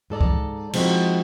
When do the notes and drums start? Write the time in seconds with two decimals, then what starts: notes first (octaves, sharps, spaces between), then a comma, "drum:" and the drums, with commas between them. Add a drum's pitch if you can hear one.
0.10 G#2 A4 D5 A#5
0.21 drum: kick C#2
0.73 F3 G#3 C4 D#4 E4 F#4, drum: cymbal